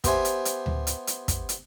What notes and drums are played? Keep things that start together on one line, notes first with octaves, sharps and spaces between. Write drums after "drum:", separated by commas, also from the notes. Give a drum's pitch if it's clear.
B3 G4 C5 E5 G#5, drum: kick, hi-hat
drum: hi-hat
drum: hi-hat
drum: tom D2
drum: hi-hat
drum: hi-hat
drum: kick, hi-hat
drum: hi-hat